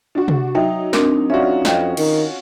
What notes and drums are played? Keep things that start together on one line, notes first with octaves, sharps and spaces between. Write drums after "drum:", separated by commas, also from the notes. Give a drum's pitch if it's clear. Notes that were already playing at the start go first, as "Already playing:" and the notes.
D4 F#4
drum: tom C3
F#3 D#4 E5 G5
C4 D4 A#4, drum: snare
C#4 F4 F#4 D5 E5
F2 D#5 F5 G5, drum: snare
D#3, drum: cymbal